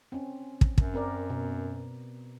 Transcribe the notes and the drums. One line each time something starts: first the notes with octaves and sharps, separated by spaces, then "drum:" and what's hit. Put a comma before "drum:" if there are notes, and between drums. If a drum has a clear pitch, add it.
C4 C#4
drum: kick
F#2, drum: kick
C4 A#4 D5
B2